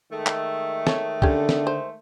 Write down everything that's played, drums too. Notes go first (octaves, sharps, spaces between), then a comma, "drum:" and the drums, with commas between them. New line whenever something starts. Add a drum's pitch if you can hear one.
D#3 G#3 A3
drum: clap
A4 C#5, drum: snare
D3 C#4 G4, drum: kick
drum: snare
C5